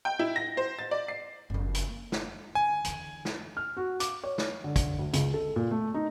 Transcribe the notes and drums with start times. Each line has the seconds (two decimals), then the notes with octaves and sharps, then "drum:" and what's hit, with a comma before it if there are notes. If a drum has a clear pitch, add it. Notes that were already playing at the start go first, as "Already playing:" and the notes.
0.05 G5
0.19 E4
0.36 A#6
0.57 C5
0.79 A6
0.91 D5
1.08 C7
1.50 F#1 F2
1.75 drum: hi-hat
1.88 A#3
2.12 drum: snare
2.55 D3 G#5
2.85 E2 D3, drum: hi-hat
3.25 drum: snare
3.57 F6
3.77 F#4
4.00 D6, drum: hi-hat
4.24 C#5
4.38 drum: snare
4.64 D3
4.76 drum: kick, hi-hat
4.99 D2
5.13 C#2, drum: hi-hat
5.34 A4
5.56 A#2
5.71 A3
5.94 D#4